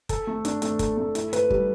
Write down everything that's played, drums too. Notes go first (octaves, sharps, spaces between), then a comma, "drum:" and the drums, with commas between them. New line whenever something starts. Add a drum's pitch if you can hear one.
A4, drum: kick, hi-hat
A3
D4, drum: hi-hat
A3, drum: hi-hat
A4, drum: kick, hi-hat
A3
E4, drum: hi-hat
B4, drum: hi-hat
G3, drum: kick